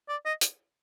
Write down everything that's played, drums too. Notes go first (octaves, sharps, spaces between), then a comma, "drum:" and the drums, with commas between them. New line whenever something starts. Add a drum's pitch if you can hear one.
D5
D#5
drum: hi-hat